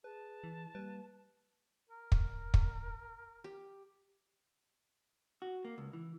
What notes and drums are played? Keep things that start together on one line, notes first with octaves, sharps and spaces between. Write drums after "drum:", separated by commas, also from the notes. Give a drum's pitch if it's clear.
G#4 B4 A5
E3
G3 A#3 B4
A#4
drum: kick
drum: kick
G4
F#4
A#3
C#2
E3